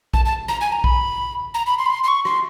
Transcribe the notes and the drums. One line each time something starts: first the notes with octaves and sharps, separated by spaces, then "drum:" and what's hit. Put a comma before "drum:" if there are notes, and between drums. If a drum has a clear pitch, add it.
A5, drum: kick A#1
A5
A#5, drum: rim click
G#5
A#5
B5, drum: kick A#1
A#5
B5
C6
B5
C6
C6
C#6
C6, drum: rim click